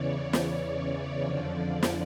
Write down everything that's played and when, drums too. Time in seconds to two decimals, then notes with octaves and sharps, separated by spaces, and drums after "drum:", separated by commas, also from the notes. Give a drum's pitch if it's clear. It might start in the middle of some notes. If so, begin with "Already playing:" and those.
Already playing: E2 C#3 E3 C#5 D5
0.33 D5, drum: snare
0.78 D5
1.23 F2 D3 F3
1.83 drum: snare